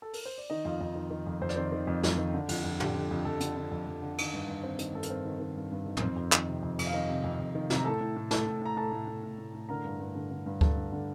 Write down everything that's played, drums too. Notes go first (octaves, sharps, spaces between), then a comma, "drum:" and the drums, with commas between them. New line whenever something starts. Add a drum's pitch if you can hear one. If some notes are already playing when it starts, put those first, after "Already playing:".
A4
A#4, drum: open hi-hat
C5
D5
D#3 D#4 D#5
F2 F4 F5
F2 D#4 D#5
D#3
D#3
F2
F2 C5
D5, drum: rim click
D#3 C4 C5
D#3
F2
F2, drum: snare
D#3
D3
F2, drum: cymbal
F2
D3 G4, drum: tom
D3
F2
F2 A4
D3, drum: hi-hat
D3
F2
F2
D3
D#3, drum: cymbal
G2
G2
D#3 C4 C5
D#3, drum: hi-hat
G2 A4
A#4, drum: hi-hat
G2 C4 C5
D#3
D#3
G2
G2
D#3
A#4, drum: tom
F2 C4 C5
F2
D#3, drum: clap
C3
F2
F2, drum: cymbal
F5
D#3 D#4 D#5
C3
F2
F2
D#3
C3, drum: snare
A#5
A2 A4 A5
A2
A2
A2 A4 A5, drum: snare
A2
A2 A#5
A2 A4 A5
A2
A2
A2
A2
A2
D3 A#4 A#5
G2
G2
D3
D3
G2
G2 A4 A5, drum: kick D2
D3
D3